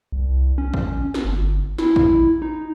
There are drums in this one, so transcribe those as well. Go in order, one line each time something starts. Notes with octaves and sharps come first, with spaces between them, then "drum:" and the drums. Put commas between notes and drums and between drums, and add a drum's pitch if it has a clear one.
C2
C#4
drum: kick
drum: snare
G1
E4, drum: snare
drum: kick
D#4